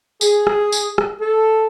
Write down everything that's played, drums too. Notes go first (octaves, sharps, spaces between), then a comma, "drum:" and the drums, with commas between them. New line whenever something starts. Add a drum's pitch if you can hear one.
G#4, drum: tambourine
drum: rim click
drum: tambourine
drum: rim click
A4